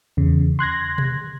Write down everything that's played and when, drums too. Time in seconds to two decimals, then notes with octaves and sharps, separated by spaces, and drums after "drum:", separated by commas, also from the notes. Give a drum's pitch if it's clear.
0.17 E2 C#3
0.59 C6 F#6 G#6 A#6
0.98 drum: tom B2